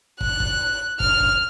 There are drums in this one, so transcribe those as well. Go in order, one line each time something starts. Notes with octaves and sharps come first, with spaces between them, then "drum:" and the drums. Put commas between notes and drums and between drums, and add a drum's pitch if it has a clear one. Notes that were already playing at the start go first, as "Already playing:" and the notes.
F#6, drum: kick
drum: kick
F6, drum: kick
drum: kick